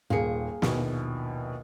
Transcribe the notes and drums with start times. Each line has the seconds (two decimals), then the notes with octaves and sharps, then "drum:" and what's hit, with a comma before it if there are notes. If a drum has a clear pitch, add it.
0.10 D#1 A#3 G#4 C#7
0.62 A#1 D#2 B2, drum: snare